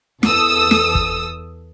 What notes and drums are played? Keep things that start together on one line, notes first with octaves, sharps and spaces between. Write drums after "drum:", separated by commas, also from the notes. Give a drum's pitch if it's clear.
E2 A4 D#6 E6, drum: snare
drum: snare
drum: kick